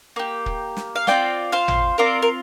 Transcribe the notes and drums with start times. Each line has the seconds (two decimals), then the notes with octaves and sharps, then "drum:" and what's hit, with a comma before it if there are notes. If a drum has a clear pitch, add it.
0.16 A#3 G4
0.46 drum: kick
0.77 drum: snare
0.95 F5
1.07 C4 F4 D5 G5, drum: snare
1.52 C5 F5
1.68 drum: tom
1.98 C4 F4 A#4 D5
2.22 A#4